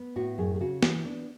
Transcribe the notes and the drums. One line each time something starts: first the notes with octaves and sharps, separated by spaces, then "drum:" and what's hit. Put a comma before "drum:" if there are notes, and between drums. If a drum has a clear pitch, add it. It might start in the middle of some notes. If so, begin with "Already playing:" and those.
Already playing: B3
A2 F#4
F#2 G#4
G#4
C#3 F#4
E3, drum: snare
B3 D4